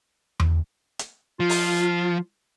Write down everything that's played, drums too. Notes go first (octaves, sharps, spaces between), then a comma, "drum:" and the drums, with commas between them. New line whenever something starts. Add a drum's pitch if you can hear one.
drum: tom E2
drum: hi-hat
F3 F4
drum: open hi-hat